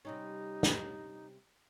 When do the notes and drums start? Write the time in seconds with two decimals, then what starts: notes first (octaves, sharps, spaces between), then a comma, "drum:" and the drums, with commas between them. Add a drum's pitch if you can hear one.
0.05 C3 G3 C#4 D#4
0.63 drum: snare